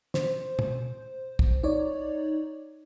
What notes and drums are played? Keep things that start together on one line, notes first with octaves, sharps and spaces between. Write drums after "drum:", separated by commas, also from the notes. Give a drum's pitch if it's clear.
C5, drum: snare
drum: tom
drum: kick
D#4 C#5 D5